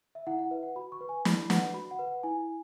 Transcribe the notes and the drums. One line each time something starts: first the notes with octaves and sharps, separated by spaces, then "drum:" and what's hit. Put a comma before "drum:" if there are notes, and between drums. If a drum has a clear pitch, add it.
E5
E4 F#5
F#5
B4 E5
F#5
F#4 B5
C#6
B4
G#5
E4 B5, drum: snare
B4 F#5, drum: snare
F#4 B5
F#5
B4
F#5
E4 G#5